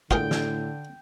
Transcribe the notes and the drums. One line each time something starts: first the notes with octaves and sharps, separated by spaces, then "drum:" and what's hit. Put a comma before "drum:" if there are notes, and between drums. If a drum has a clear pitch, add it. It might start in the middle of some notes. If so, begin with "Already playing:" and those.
A2 D3 F4 G#4 A#4 G5 D7, drum: kick
drum: snare